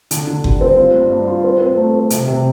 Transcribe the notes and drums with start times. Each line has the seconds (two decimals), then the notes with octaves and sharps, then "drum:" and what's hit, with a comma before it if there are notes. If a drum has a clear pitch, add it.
0.11 D3, drum: hi-hat
0.27 D3
0.44 G3, drum: kick F#1
0.61 C4
0.77 F4
0.94 G2
1.11 G2
1.27 F4
1.44 C4
1.61 C4
1.77 A3
1.94 C4
2.10 C3, drum: hi-hat
2.28 C3